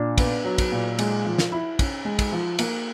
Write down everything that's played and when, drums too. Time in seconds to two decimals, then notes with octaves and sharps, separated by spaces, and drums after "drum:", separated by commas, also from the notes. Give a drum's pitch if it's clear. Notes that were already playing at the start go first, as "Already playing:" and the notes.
Already playing: A#2 D4
0.18 B3, drum: kick, cymbal
0.45 F#3
0.58 drum: kick, cymbal
0.72 A#2
0.99 G#3, drum: cymbal
1.26 F3
1.38 drum: snare
1.52 E4
1.79 C#4, drum: kick, cymbal
2.05 G#3
2.19 drum: kick, cymbal
2.32 F3
2.59 A#3, drum: cymbal